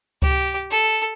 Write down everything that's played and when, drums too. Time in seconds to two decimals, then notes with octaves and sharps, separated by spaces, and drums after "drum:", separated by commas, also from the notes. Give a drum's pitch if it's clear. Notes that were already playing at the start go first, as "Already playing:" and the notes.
0.22 G4, drum: kick C#2
0.71 A4